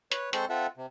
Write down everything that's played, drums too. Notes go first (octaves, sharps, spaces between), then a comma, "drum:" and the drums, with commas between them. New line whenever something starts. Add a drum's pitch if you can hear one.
B4 C#5, drum: hi-hat
G#3 C4 A4 C5 C6 C#6, drum: hi-hat
C4 F4 A4 E5 F#5
C3